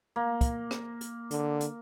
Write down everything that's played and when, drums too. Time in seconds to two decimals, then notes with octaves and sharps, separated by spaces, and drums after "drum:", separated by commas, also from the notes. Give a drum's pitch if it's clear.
0.16 A#3
0.41 drum: kick, hi-hat
0.71 drum: rim click
1.01 drum: hi-hat
1.31 D3, drum: hi-hat
1.61 drum: hi-hat